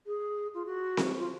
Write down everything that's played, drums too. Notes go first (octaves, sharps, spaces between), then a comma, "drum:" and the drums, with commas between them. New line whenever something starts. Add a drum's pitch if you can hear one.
G#4
F4
F#4
drum: snare C4
F4